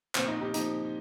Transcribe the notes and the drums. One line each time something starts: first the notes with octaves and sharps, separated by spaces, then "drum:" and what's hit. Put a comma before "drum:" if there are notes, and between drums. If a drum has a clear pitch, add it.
A#2 F3 C4, drum: clap
D#4
D#4 G4
A#2 F3 D#4 G4, drum: hi-hat